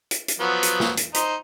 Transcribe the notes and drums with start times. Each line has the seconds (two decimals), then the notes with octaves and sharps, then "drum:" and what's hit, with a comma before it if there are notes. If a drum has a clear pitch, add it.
0.11 drum: hi-hat
0.28 drum: hi-hat
0.40 F3 F#3 B3
0.63 drum: hi-hat
0.80 drum: snare
0.97 drum: hi-hat
1.14 D#4 C5, drum: hi-hat